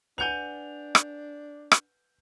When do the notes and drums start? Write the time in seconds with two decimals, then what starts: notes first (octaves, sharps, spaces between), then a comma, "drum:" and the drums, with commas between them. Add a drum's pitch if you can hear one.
0.18 D4 B4 F#5 G#5 G6 F7
0.95 drum: rim click
1.72 drum: rim click